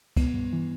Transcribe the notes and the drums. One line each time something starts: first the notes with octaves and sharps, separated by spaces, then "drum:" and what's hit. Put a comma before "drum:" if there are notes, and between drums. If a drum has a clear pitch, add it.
B3, drum: kick, cymbal
G2
E3